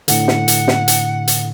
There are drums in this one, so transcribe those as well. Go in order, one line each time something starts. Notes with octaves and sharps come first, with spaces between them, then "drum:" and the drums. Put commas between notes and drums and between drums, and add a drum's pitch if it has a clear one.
A2 D3 F#5, drum: hi-hat
drum: snare
drum: hi-hat
drum: snare
drum: hi-hat
drum: hi-hat